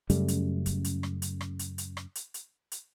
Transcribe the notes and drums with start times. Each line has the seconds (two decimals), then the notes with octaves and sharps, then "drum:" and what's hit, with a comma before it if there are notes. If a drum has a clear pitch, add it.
0.10 F#2 C#3 G3 A3, drum: hi-hat
0.28 drum: hi-hat
0.66 drum: kick, hi-hat
0.84 drum: hi-hat
1.03 drum: rim click
1.22 drum: hi-hat
1.41 drum: rim click
1.59 drum: hi-hat
1.78 drum: hi-hat
1.97 drum: rim click
2.15 drum: hi-hat
2.34 drum: hi-hat
2.72 drum: hi-hat